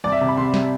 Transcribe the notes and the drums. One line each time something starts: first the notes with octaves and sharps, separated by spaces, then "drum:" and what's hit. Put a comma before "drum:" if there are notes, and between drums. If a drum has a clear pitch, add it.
C2 D5
E5
C3
B5
C3 C6
G3, drum: snare